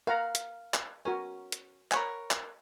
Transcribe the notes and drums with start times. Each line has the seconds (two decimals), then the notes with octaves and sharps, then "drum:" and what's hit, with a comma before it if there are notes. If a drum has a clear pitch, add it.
0.07 A#4 F5 F#5 A#5
0.35 drum: hi-hat
0.74 drum: clap
1.05 C#4 F#4 A#4 G#5
1.52 drum: hi-hat
1.92 A#4 C#5 F#5 G#5 B5, drum: clap
2.31 drum: clap